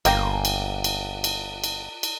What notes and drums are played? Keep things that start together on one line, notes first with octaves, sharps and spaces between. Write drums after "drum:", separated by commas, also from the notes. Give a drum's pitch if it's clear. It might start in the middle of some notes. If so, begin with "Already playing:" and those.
G1 A#3 G5 A#5, drum: cymbal
drum: cymbal
drum: cymbal
drum: cymbal
drum: cymbal
drum: cymbal